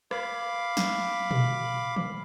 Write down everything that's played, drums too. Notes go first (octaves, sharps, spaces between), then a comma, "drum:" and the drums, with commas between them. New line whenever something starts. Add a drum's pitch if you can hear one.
F5 B5 D6, drum: rim click
drum: snare
drum: tom A#2
drum: tom D3